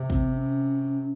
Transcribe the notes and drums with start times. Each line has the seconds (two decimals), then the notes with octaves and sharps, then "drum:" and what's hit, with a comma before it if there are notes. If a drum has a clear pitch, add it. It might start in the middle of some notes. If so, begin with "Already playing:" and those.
Already playing: C3
0.10 C4, drum: kick
0.35 C#4